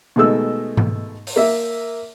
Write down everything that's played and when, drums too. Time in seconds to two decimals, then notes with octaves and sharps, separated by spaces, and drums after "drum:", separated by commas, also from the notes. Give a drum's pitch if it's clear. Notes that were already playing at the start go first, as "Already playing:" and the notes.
0.16 B2 D#3 G#3 A3 E6
0.77 drum: tom G#2
1.27 drum: open hi-hat
1.36 A#3 E5